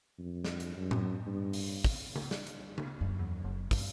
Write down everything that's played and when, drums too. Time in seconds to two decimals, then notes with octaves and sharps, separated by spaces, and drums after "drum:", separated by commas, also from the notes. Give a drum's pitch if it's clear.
0.19 F2
0.44 drum: snare
0.60 drum: hi-hat
0.77 F#2
0.91 drum: tom A2
1.27 G2
1.53 drum: open hi-hat
1.84 drum: kick, open hi-hat
2.16 drum: tom C#3
2.31 drum: snare
2.47 drum: hi-hat
2.78 drum: tom C#3
3.01 D1 F#2
3.19 E2
3.44 F#1
3.71 G2, drum: kick, open hi-hat